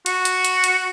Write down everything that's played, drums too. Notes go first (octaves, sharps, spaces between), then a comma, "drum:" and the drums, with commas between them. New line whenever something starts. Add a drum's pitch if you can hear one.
F#4, drum: hi-hat
drum: hi-hat
drum: hi-hat
drum: hi-hat